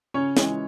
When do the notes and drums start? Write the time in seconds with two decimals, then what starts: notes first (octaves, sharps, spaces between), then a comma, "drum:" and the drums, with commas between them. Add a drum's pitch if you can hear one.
0.14 C#3 C#4 C#5
0.37 E3 G#3 C#4, drum: snare